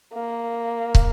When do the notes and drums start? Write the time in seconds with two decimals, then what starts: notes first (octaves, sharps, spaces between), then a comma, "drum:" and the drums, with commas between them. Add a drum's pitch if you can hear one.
0.14 A#3
0.95 drum: kick